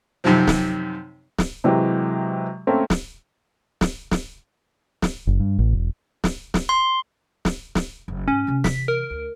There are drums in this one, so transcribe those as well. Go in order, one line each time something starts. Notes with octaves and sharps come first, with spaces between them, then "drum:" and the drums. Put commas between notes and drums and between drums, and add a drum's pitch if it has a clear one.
F#2 C3 D#3 F3 C4
drum: snare
drum: snare
C3 E3 F#3 G#3 G4
A3 A#3 C4 C#4 A#4
drum: snare
drum: snare
drum: snare
drum: snare
F#1
G2
A1
E1
drum: snare
drum: snare
C6
drum: snare
drum: snare
F#1
G#2 A3 C#4
C3 E3
B6, drum: snare
A#4
D2